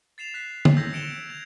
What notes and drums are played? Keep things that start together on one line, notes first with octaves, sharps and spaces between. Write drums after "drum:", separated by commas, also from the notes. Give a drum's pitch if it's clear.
A6 C7 E7 F7
F#6 B6 C7
drum: tom
E6 G6 G#6 A#6 B6
C#7 D7 E7 F7 G7
G#6 F7